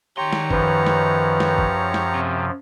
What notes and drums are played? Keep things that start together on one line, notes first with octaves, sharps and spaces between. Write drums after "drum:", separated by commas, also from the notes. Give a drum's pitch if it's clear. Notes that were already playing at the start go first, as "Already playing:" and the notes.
D#3 G4 C#5 A#5 C6
drum: snare
F#2 F3 B4, drum: kick
drum: snare
drum: snare
drum: kick
drum: snare
C3